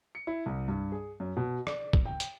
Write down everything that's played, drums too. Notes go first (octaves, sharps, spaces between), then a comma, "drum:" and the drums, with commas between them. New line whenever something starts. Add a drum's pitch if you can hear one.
C#7
E4
C2
G2
G#4
F#2
B2
D5, drum: rim click
drum: kick
G5
drum: hi-hat